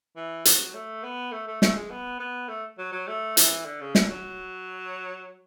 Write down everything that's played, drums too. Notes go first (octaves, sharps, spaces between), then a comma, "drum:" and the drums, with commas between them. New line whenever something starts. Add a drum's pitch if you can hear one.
E3
F#3, drum: hi-hat
A3
B3
A3
A3
A3, drum: snare
G#3
B3
B3
A3
F#3
F#3
A3
E3, drum: hi-hat
D3
C#3
D3, drum: snare
F#3